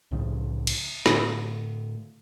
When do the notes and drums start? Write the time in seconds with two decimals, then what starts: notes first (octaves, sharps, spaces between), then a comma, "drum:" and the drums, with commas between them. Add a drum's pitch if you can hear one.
0.11 C2 A2 C#3 F3
0.67 drum: cymbal
1.06 A2 D3 A3, drum: snare